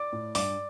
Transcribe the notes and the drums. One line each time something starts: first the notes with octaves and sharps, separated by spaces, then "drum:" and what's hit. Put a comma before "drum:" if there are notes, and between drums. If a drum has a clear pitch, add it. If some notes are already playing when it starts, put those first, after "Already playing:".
Already playing: D5 D6
A2
G2 D5 D6, drum: open hi-hat